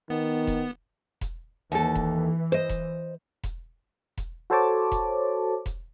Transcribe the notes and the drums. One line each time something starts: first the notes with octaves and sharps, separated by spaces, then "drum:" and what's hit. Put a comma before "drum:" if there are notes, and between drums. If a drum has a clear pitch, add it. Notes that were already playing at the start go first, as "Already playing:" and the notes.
D#3 B3
drum: kick E1, hi-hat
drum: kick E1, hi-hat
D#2 E3 A4
drum: kick E1
C5 D#5
drum: kick E1, hi-hat
drum: kick E1, hi-hat
drum: kick E1, hi-hat
F#4 A4 C5 C#5 A5 D6
drum: kick E1, hi-hat
drum: kick E1, hi-hat